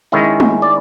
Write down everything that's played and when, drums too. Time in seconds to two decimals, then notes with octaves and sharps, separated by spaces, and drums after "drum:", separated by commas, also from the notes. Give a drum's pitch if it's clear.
0.12 D#3 G#3 C#4 E4 D#5
0.40 drum: tom
0.62 D5